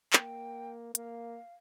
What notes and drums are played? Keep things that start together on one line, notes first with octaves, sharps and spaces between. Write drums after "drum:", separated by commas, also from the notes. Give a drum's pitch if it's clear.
A#3 G5, drum: clap
A#3 F5, drum: hi-hat